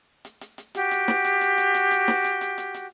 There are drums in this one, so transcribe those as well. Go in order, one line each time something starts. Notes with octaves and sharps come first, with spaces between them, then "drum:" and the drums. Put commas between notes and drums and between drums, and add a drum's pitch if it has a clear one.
drum: hi-hat
drum: hi-hat
drum: hi-hat
F#4 G4, drum: hi-hat
drum: hi-hat
drum: snare
drum: hi-hat
drum: hi-hat
drum: hi-hat
drum: hi-hat
drum: hi-hat
drum: snare
drum: hi-hat
drum: hi-hat
drum: hi-hat
drum: hi-hat